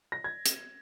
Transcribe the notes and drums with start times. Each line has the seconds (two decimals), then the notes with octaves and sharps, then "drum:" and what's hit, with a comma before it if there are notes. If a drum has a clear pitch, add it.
0.12 A#6
0.24 G#6
0.46 drum: hi-hat